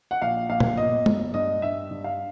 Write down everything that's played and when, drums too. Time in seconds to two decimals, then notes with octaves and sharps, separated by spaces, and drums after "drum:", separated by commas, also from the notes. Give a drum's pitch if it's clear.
0.11 F#5
0.22 A#1 F5
0.49 A#1 F5
0.60 drum: tom A#2
0.77 G1 D#5
1.06 G1, drum: tom
1.34 G2 D#5
1.62 G2 E5
1.91 G2
2.04 F5